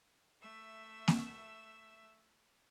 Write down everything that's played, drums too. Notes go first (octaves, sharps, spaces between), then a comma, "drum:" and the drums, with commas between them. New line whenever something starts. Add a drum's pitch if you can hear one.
A3 E5 E6
drum: snare A#3